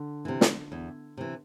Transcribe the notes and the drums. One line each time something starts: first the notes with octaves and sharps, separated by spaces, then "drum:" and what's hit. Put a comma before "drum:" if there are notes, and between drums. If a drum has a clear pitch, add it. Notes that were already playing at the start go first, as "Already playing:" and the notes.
Already playing: D3
C3 E3
drum: snare
E2
C3 E3